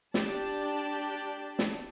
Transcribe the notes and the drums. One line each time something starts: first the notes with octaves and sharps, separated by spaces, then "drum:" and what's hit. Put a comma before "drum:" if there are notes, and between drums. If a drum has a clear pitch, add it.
D4 G4 D5 A5, drum: snare
drum: snare